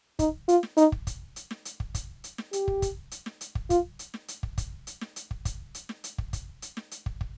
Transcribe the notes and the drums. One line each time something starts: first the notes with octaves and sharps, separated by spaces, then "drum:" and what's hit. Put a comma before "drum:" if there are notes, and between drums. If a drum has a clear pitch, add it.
D#4, drum: kick, hi-hat
F4, drum: hi-hat
drum: snare
D#4, drum: hi-hat
drum: kick
drum: kick, hi-hat
drum: hi-hat
drum: snare
drum: hi-hat
drum: kick
drum: kick, hi-hat
drum: hi-hat
drum: snare
G4, drum: hi-hat
drum: kick
drum: kick, hi-hat
drum: hi-hat
drum: snare
drum: hi-hat
drum: kick
F4, drum: kick, hi-hat
drum: hi-hat
drum: snare
drum: hi-hat
drum: kick
drum: kick, hi-hat
drum: hi-hat
drum: snare
drum: hi-hat
drum: kick
drum: kick, hi-hat
drum: hi-hat
drum: snare
drum: hi-hat
drum: kick
drum: kick, hi-hat
drum: hi-hat
drum: snare
drum: hi-hat
drum: kick
drum: kick